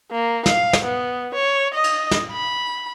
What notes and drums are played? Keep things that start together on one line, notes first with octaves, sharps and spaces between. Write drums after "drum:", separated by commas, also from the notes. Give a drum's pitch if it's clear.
A#3
F5, drum: snare
drum: snare
B3
C#5
D#5
drum: cymbal
drum: snare
B5